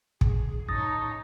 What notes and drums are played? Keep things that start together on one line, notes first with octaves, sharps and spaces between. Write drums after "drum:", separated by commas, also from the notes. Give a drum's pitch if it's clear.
G#4, drum: kick
A2 C#4 D#4 C#5 A5 A#5 D#6